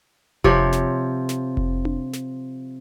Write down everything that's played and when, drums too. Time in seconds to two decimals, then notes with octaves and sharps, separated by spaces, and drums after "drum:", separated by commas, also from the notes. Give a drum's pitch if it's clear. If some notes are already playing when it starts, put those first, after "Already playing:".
0.44 C3 F3 C#5, drum: kick F1
0.73 drum: snare
1.29 drum: snare
1.57 drum: kick F1
1.85 drum: tom D4
2.13 drum: snare